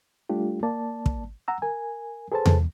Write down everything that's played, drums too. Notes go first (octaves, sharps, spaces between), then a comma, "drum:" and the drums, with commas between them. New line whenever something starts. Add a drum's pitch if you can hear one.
G3 A3 D4 F4 G4
A#3 D5 A5
drum: kick
F#5 A#5 E6
A#4 G#5
G#4 A4 B4 C5 A5
drum: tom E2